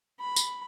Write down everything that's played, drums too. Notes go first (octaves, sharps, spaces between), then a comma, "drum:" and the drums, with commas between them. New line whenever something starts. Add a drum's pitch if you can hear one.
B5
drum: tambourine